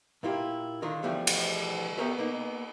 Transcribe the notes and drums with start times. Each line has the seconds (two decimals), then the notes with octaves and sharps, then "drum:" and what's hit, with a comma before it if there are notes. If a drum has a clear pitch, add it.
0.23 A#2 A#3 E4 F4 G4
0.82 D3 D#3 F4 A#4
1.03 B2 D3 E3 F3 G3 A3
1.27 drum: cymbal
1.98 B3 G4 A4 A#4 C#5 E5
2.19 A#3 B3 D#4